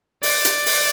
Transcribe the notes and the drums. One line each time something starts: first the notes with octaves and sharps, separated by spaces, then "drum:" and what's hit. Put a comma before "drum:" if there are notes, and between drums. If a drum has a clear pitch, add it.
D5, drum: open hi-hat
drum: hi-hat
drum: open hi-hat